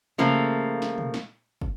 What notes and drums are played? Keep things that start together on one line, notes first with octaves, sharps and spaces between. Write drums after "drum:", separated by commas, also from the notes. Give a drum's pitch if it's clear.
C#3 F3 A3 A#3
drum: snare
drum: tom
drum: snare
drum: kick